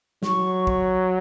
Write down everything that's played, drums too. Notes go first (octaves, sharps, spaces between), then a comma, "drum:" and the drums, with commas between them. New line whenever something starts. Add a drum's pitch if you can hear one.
F#3 C#6, drum: snare
drum: kick